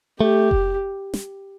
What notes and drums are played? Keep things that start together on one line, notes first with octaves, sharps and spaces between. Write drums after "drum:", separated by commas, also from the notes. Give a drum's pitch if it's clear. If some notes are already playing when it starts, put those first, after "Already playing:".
A3 G4
drum: kick F1
drum: snare